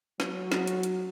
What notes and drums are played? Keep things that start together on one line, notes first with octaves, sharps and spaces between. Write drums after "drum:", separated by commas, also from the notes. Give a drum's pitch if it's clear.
F#3, drum: snare
drum: snare
drum: hi-hat
drum: hi-hat